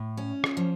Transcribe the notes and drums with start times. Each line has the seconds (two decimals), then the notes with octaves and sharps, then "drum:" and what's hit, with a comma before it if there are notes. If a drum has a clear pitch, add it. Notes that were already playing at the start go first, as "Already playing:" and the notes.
Already playing: A2
0.17 C#4
0.44 drum: rim click
0.57 F3